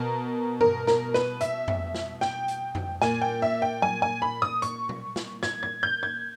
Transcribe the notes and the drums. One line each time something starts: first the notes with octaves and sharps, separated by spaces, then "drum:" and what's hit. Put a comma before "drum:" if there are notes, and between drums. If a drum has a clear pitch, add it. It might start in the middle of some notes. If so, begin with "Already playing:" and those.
Already playing: B2 A#4
A#4, drum: tom G2
A#4, drum: snare
B4, drum: snare
E5, drum: hi-hat
drum: tom F2
drum: snare
G5, drum: snare
drum: hi-hat
drum: tom F2
A#2 G#5, drum: snare
G5
E5
G5
G#5, drum: tom F#3
G#5
B5
D#6
C#6, drum: hi-hat
drum: tom B2
drum: snare
G#6, drum: snare
G#6
G6
G#6